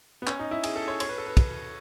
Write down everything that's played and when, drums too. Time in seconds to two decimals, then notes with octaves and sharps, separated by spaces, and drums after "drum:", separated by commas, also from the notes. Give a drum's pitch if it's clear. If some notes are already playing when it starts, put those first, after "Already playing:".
0.22 B3
0.27 C#4, drum: clap
0.39 D#4
0.51 E4
0.64 G#4, drum: cymbal
0.76 A4
0.88 C#5
1.00 C#5, drum: cymbal
1.09 B4
1.18 A4
1.26 B4
1.37 drum: kick, cymbal